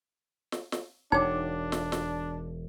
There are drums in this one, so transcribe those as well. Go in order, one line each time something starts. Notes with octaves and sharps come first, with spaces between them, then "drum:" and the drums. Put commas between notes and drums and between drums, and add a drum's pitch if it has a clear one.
drum: snare
drum: snare
E1 D4 D#4 C#5 D6
drum: snare
drum: snare